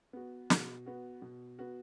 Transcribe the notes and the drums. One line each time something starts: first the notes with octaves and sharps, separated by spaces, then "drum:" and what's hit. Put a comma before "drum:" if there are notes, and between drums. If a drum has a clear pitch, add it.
B3 F#4
B2, drum: snare
B3 F#4
B2
B3 F#4